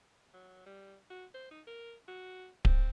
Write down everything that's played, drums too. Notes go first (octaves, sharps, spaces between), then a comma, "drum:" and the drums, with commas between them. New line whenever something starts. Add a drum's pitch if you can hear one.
F#3
G3
F#4
C5
D#4
A#4
F#4
C4, drum: kick D1